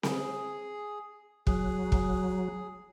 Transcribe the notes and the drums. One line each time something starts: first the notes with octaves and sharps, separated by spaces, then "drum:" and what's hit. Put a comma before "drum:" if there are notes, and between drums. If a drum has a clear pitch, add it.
G#4, drum: snare C4
F#3 G#4, drum: kick
drum: kick